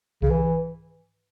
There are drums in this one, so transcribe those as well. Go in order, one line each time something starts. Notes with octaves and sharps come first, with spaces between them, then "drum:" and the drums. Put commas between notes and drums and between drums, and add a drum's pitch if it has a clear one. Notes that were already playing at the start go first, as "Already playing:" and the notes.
C#3, drum: kick C2
E3